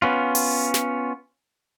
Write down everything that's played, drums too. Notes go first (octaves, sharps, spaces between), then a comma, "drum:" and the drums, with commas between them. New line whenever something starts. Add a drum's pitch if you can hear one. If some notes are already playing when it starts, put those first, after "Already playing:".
B3 C#4 F4
drum: open hi-hat
drum: snare